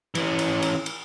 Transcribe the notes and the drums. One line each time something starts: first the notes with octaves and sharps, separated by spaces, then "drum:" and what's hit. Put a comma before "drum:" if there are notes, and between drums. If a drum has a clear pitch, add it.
E3 C#4, drum: cymbal
drum: cymbal
drum: cymbal
drum: cymbal